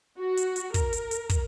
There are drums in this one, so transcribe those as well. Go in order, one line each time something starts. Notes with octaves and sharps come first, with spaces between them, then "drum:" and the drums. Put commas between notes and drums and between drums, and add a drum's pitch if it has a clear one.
F#4
drum: hi-hat
drum: hi-hat
A#4, drum: kick, hi-hat
drum: hi-hat
drum: hi-hat
drum: kick, hi-hat